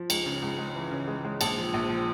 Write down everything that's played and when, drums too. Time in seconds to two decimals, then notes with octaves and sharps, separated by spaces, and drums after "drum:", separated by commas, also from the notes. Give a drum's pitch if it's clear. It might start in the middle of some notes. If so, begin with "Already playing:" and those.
Already playing: F3
0.10 C#2, drum: cymbal
0.26 C#3
0.42 C#2
0.58 G#3
0.75 E3
0.92 C#3
1.08 G#3
1.25 G#3
1.41 A#1 A5, drum: cymbal
1.57 F3
1.74 A#1
1.90 F3